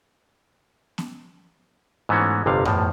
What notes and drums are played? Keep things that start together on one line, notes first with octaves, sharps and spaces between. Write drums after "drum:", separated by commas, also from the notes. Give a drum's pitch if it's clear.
drum: snare B3
G#2 E3 A3 B3 C#4 F#4
G1 F2 C3 G3 F5
E2 A2 F3, drum: tom F#2